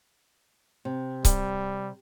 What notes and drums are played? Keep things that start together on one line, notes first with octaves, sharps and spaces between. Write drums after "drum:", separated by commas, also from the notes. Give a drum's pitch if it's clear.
C3
G3, drum: kick C#1, hi-hat